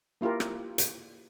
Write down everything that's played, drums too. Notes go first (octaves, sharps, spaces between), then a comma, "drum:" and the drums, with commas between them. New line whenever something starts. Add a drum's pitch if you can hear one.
A#3 E4 F4 G4 A#4
drum: rim click
drum: hi-hat